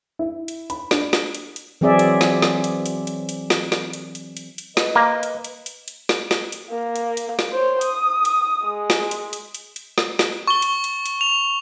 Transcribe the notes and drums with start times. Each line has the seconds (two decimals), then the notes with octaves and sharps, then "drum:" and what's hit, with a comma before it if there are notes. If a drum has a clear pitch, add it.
0.19 E4
0.48 drum: hi-hat
0.70 B5, drum: hi-hat
0.91 D4, drum: snare
1.13 drum: snare
1.35 drum: hi-hat
1.56 drum: hi-hat
1.81 E3 F#3 C4 G#4 D5 E5
1.99 drum: hi-hat
2.21 drum: snare
2.42 drum: snare
2.64 drum: hi-hat
2.86 drum: hi-hat
3.07 drum: hi-hat
3.29 drum: hi-hat
3.50 drum: snare
3.72 drum: snare
3.93 drum: hi-hat
4.15 drum: hi-hat
4.37 drum: hi-hat
4.58 drum: hi-hat
4.77 B4 D#5, drum: snare
4.96 A#3
5.23 drum: hi-hat
5.45 drum: hi-hat
5.66 drum: hi-hat
5.88 drum: hi-hat
6.09 drum: snare
6.31 drum: snare
6.52 drum: hi-hat
6.70 A#3
6.96 drum: hi-hat
7.17 drum: hi-hat
7.39 drum: snare
7.52 C5 C#5
7.81 D#6, drum: hi-hat
8.25 drum: hi-hat
8.64 G#3
8.90 drum: snare
9.11 drum: hi-hat
9.33 drum: hi-hat
9.54 drum: hi-hat
9.76 drum: hi-hat
9.98 drum: snare
10.19 drum: snare
10.47 C#6 G7
10.62 drum: hi-hat
10.84 drum: hi-hat
11.06 drum: hi-hat
11.21 F7